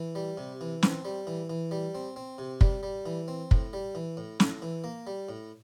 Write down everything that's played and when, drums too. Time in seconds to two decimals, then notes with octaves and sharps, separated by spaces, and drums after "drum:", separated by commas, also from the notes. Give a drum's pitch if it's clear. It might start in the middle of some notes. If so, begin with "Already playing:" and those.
Already playing: E3
0.15 G3
0.37 C3
0.61 E3
0.83 C4, drum: snare
1.05 G3
1.27 E3
1.50 E3
1.71 G3
1.95 C4
2.16 C4
2.38 C3
2.61 G3, drum: kick
2.83 G3
3.06 E3
3.28 C4
3.51 A2, drum: kick
3.73 G3
3.95 E3
4.17 A2
4.40 A2, drum: snare
4.62 E3
4.84 A#3
5.07 G3
5.29 A2